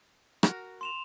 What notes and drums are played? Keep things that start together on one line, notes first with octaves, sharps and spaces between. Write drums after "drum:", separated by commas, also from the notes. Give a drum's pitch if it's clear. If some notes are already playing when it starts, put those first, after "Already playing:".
F#4 A#4, drum: rim click
C6 E7 F7